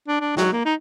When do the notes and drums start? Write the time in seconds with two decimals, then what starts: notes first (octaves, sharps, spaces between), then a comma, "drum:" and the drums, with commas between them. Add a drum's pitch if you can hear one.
0.08 D4
0.21 D4
0.37 F#3, drum: snare
0.53 A#3
0.65 D#4